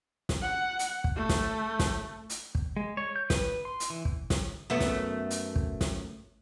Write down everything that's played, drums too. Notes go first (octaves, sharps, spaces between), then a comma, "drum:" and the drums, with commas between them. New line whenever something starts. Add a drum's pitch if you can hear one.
drum: snare
F#5
drum: hi-hat
drum: kick
A3
drum: snare
drum: snare
drum: hi-hat
drum: kick
G#3
C#5
G6
B4, drum: snare
C6
drum: hi-hat
E3
drum: kick
drum: snare
F#2 A3 B3
drum: snare
drum: hi-hat
drum: kick
drum: snare